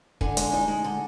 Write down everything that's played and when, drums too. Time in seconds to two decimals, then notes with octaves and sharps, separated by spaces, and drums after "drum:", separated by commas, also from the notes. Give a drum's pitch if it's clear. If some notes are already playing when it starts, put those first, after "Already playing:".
0.21 D3 G#5, drum: kick
0.37 G#3, drum: hi-hat
0.53 D#4
0.68 G#3
0.84 D3